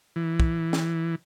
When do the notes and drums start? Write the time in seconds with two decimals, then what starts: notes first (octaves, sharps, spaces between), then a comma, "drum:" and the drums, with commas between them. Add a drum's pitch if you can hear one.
0.16 E3
0.40 drum: kick
0.73 drum: snare